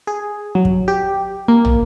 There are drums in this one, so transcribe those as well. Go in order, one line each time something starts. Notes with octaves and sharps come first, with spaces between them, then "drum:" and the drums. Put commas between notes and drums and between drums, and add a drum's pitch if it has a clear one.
G#4
F#3
drum: kick
G4
A#3
drum: tom